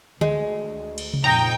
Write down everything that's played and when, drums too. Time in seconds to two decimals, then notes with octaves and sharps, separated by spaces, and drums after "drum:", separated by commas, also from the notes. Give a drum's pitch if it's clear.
0.21 D2 G#3, drum: tom D3
0.98 drum: cymbal
1.14 drum: tom C3
1.24 F2 A#2 D#4 G5 A#5